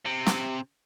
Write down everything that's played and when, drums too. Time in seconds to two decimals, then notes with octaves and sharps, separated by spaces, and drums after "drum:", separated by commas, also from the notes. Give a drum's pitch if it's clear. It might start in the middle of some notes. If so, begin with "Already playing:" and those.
0.06 C3
0.26 drum: snare